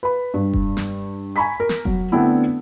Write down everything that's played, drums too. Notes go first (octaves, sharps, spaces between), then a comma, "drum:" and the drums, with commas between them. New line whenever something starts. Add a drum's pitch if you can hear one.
B4 B5
G2
drum: kick F1
drum: snare
G#5 A#5 B5 C#6 B6
A#4
drum: snare
F#3, drum: kick F1
D3 A3 B3 C4 D4 E4